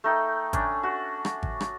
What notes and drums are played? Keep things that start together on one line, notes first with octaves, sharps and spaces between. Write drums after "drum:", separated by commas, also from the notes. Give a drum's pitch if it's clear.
A3 D#4 G5
C#4 D4, drum: kick G#1, hi-hat
F#4
drum: rim click
drum: kick G#1
drum: rim click